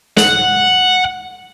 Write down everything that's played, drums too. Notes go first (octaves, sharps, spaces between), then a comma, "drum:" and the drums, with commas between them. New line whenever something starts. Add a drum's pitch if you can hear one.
F#5, drum: snare